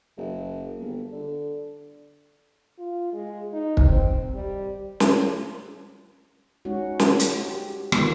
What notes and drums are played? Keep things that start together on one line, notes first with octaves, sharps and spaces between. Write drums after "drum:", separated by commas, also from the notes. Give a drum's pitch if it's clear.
F#1
G1
D3
F4
G#3
D#4
drum: kick
C4
G3
drum: snare
G#3 C#4 D#4 F#4
drum: snare
drum: hi-hat
G4
D3 D#3 F3 G#3 A#3 B3, drum: rim click